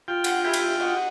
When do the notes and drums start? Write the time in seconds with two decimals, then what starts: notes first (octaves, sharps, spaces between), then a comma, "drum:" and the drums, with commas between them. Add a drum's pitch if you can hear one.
0.08 F4 G5
0.24 F#5, drum: cymbal
0.44 E4 G4 G#5
0.54 drum: cymbal
0.79 F#4 D#5 F#5